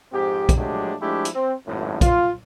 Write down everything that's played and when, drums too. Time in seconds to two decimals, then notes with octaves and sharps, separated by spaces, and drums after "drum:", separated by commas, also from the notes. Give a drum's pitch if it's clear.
0.12 F2 G#2 C4 G4
0.49 drum: kick, hi-hat
0.58 F3 F#3 G#3 A3 D4 G4
1.01 F3 G#3 A3 D4 E4 G4
1.25 drum: hi-hat
1.35 C4
1.66 G#1 F#2 A2
2.01 F4, drum: kick, hi-hat